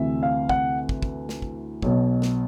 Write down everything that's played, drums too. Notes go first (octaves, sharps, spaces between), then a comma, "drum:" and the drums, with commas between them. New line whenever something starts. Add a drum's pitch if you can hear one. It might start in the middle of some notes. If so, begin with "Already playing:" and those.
Already playing: D2 C3 E3 E5
F5
F#5, drum: kick
drum: kick
drum: kick
drum: snare
drum: kick
B1 B2, drum: kick
drum: snare